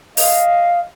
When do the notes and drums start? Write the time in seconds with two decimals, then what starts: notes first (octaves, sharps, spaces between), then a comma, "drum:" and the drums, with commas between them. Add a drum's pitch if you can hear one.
0.17 D#5 F5, drum: open hi-hat